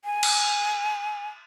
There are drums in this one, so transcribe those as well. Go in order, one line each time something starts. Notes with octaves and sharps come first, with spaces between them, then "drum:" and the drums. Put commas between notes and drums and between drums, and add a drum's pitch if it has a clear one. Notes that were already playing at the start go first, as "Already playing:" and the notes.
G#5
drum: cymbal